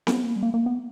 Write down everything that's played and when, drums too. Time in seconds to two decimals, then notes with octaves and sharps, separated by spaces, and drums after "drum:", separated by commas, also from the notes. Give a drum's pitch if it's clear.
0.07 B3, drum: snare C4
0.24 A#3
0.36 G3
0.43 A#3
0.54 A#3
0.66 B3